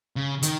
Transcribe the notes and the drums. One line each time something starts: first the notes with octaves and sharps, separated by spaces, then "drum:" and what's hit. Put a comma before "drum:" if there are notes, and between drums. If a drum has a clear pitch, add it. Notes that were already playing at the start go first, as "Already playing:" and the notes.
C#3
D#3, drum: hi-hat